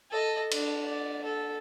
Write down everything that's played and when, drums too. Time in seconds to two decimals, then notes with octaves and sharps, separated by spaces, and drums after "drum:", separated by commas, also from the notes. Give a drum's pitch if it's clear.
0.11 A4 D#5
0.51 D4, drum: cymbal
0.84 D5
1.24 A4